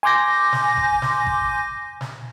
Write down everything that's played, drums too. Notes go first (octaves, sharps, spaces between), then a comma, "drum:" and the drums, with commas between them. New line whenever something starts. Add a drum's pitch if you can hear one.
G#5 C6 D6 G6 A#6
drum: snare
drum: kick G#1
drum: snare
drum: kick G#1
drum: snare